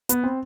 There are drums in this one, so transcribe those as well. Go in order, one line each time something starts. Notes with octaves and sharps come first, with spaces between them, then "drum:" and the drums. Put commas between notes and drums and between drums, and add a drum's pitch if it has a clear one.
B3, drum: hi-hat
C4